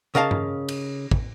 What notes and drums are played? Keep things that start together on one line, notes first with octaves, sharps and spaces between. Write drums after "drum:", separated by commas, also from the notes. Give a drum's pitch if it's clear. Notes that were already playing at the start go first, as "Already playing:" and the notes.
C#3 A#4 D#5 F5 A5
drum: tom G2
drum: cymbal
drum: kick